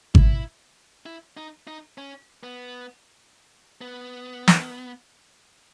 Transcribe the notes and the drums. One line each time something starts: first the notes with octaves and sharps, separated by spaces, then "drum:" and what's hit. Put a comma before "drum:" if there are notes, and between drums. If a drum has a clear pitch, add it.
E4, drum: kick G#1
E4
D#4
D#4
C#4
B3
B3
drum: snare